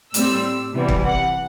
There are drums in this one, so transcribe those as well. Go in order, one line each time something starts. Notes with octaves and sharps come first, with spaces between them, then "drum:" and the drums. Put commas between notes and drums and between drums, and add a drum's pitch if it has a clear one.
A2 G3 C4 E6, drum: hi-hat
C3 E3 G3 B3
drum: kick
F#5